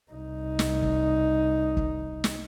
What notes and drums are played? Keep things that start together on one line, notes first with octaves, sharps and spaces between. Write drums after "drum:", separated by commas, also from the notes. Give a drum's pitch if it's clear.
C2 D#4
drum: snare
drum: kick
drum: kick
drum: snare